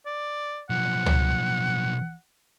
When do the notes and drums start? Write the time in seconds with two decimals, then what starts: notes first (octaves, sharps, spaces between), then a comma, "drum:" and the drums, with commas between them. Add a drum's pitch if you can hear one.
0.06 D5
0.70 B1 F3 F#5
1.06 drum: tom C#2